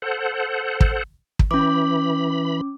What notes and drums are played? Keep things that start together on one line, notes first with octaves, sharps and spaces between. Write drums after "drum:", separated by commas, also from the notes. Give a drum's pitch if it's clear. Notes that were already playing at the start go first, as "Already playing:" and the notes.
A4 C5 F#5
drum: kick
drum: kick
E3 C#4 B5 D6